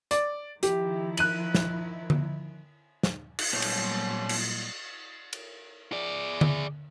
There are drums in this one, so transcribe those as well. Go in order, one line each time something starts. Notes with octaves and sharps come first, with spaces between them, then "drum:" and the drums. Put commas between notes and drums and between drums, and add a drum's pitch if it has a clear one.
D5, drum: hi-hat
D#3 F3 E4 G4, drum: hi-hat
F#6 D#7 F#7, drum: cymbal
drum: snare
drum: tom D3
drum: snare
drum: cymbal
A#2 F#3 G3 B3 C5 C#5
drum: cymbal
drum: cymbal
drum: cymbal
G#4 D5
drum: tom D3